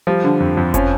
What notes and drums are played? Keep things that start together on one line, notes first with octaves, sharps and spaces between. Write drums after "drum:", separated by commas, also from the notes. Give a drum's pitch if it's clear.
F3 G3
D3
F2
F2
F3 C#4, drum: kick F#1, hi-hat